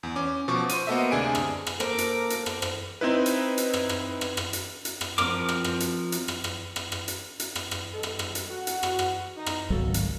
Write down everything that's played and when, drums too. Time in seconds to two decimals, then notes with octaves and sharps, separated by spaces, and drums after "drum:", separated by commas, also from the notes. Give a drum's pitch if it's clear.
0.03 E2
0.16 C#4 D6
0.48 B2 F3 C#6 D6
0.69 C5 D#7, drum: hi-hat
0.87 A#3 B3 F#4 A4 D#5 E5
1.11 D2 C3 D4 G#4 G#5 D7
1.35 drum: rim click
1.67 drum: rim click
1.80 A#3 A4 A#4 C5 D6, drum: rim click
1.98 drum: hi-hat
2.30 drum: hi-hat
2.46 drum: rim click
2.62 drum: rim click
3.01 C4 D#4 E4 B4
3.26 drum: hi-hat
3.58 drum: hi-hat
3.73 drum: rim click
3.89 drum: rim click
4.21 drum: rim click
4.37 drum: rim click
4.53 drum: hi-hat
4.85 drum: hi-hat
5.01 drum: rim click
5.18 F3 C4 F4 A#4 D6, drum: rim click
5.49 drum: rim click
5.64 drum: rim click
5.80 drum: hi-hat
6.12 drum: hi-hat
6.28 drum: rim click
6.44 drum: rim click
6.76 drum: rim click
6.92 drum: rim click
7.08 drum: hi-hat
7.40 drum: hi-hat
7.55 drum: rim click
7.71 drum: rim click
7.93 G2 G#3 A4
8.03 drum: rim click
8.19 drum: rim click
8.35 drum: hi-hat
8.50 F#4
8.67 drum: hi-hat
8.83 drum: rim click
8.99 drum: rim click
9.36 D#4
9.46 drum: rim click
9.70 G#1 C#2 B2 F#3 A#3 A4
9.94 drum: hi-hat